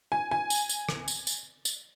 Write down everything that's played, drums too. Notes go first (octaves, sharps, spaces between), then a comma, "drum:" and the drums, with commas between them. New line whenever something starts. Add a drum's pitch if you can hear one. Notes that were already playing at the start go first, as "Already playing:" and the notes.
G#5
G#5
drum: tambourine
drum: tambourine
drum: rim click
drum: tambourine
drum: tambourine
drum: tambourine